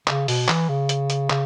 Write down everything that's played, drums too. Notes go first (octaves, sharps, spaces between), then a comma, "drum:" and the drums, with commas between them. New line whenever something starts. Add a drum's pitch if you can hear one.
C#3, drum: clap
B2, drum: open hi-hat
E3, drum: clap
C#3
drum: hi-hat
drum: hi-hat
C#3, drum: clap